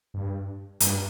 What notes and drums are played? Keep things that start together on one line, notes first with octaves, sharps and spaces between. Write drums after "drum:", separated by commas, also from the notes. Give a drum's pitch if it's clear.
G2
G2, drum: hi-hat